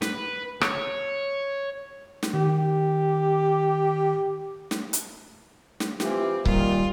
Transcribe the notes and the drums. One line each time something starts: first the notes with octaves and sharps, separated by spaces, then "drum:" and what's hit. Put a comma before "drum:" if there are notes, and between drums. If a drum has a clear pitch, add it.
B4, drum: snare
C#5, drum: rim click
drum: snare
D#3 G4
drum: snare
drum: hi-hat
drum: snare
E3 C4 F4 G4, drum: snare
A#2 D#3 G3 F4, drum: kick C#1